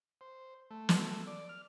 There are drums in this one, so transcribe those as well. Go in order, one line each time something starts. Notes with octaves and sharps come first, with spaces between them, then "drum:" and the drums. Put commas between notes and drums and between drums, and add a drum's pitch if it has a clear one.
C5
A3
drum: snare
D5
F6